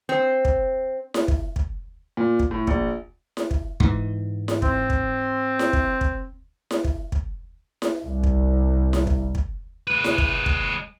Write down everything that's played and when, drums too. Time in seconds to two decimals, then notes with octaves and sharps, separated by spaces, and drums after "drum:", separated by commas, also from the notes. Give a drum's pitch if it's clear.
0.09 C4
0.45 drum: kick
1.14 drum: snare E4
1.28 drum: kick
1.56 drum: kick
2.17 A#2
2.39 drum: kick
2.51 A2
2.67 A#1, drum: kick
3.37 drum: snare E4
3.51 drum: kick
3.80 G#2 E3, drum: kick
4.48 drum: snare E4
4.62 C4, drum: kick
4.90 drum: kick
5.59 drum: snare E4
5.73 drum: kick
6.01 drum: kick
6.71 drum: snare E4
6.84 drum: kick
7.12 drum: kick
7.82 drum: snare E4
8.04 C2
8.24 drum: kick
8.93 drum: snare E4
9.07 drum: kick
9.35 drum: kick
9.87 G#3 B4
10.04 drum: snare E4
10.18 drum: kick
10.46 drum: kick